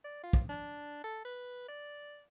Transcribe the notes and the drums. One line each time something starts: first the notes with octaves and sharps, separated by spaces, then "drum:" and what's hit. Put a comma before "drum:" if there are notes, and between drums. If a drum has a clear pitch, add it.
D5
F4
drum: kick
D4
A4
B4
D5